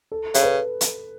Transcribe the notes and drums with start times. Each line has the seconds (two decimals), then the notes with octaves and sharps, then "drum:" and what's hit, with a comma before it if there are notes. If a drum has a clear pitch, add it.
0.12 A4
0.34 C#3, drum: hi-hat
0.43 B4
0.81 drum: hi-hat